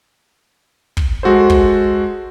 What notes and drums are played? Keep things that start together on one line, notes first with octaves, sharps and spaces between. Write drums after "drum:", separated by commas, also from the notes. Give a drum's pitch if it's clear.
drum: kick
G#3 F#4 A4 C5
drum: kick